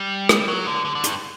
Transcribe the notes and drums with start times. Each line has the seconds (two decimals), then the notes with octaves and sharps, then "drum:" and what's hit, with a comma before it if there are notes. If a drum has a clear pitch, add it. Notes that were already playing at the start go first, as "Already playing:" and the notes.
Already playing: G3
0.29 drum: rim click
0.48 F#3
0.67 D3
0.85 D3
0.95 D3
1.04 G2, drum: hi-hat